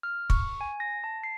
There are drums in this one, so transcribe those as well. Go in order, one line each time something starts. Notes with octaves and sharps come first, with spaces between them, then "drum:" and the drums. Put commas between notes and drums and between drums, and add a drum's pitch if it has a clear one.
F6
C#6, drum: kick
G#5
A#6
A5
C7